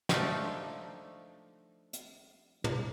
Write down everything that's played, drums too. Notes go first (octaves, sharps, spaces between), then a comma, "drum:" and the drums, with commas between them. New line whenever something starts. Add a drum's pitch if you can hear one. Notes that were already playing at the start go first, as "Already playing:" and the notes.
F3 A3 D4 D#4, drum: snare
drum: hi-hat
drum: tom